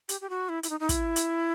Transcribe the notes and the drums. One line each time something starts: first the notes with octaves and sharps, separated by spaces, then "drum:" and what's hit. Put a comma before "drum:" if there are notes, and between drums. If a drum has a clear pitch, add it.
G4, drum: hi-hat
G4
F#4
E4
E4, drum: hi-hat
D#4
D#4
E4, drum: kick, hi-hat
drum: hi-hat